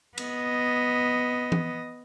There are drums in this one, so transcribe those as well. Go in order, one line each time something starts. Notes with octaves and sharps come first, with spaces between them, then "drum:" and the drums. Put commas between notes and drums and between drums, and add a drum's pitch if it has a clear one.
B3 D#5, drum: cymbal
drum: tom E3